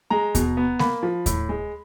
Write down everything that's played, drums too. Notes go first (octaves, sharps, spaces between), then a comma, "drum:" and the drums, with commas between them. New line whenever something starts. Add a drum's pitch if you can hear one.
G#3 A#5
B2, drum: kick D#2, hi-hat
B3
A#3 B5, drum: snare G#3
F3
A2, drum: kick D#2, hi-hat
G#3